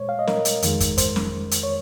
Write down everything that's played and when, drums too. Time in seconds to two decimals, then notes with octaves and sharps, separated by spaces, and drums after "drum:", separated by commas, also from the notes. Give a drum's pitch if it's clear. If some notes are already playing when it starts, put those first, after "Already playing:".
Already playing: A#2 G#3 C5 C#5
0.09 F5
0.19 D#5
0.27 A#4, drum: snare
0.45 drum: hi-hat
0.62 F2 D#3 G#3, drum: hi-hat
0.80 drum: kick, hi-hat
0.98 C5, drum: kick, hi-hat
1.16 drum: snare
1.51 drum: hi-hat
1.63 C#5